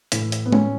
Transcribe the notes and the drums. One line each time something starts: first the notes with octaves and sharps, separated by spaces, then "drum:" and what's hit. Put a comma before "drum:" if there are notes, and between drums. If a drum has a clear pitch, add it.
A2 E3, drum: hi-hat
drum: hi-hat
B3
C#4, drum: tom G#3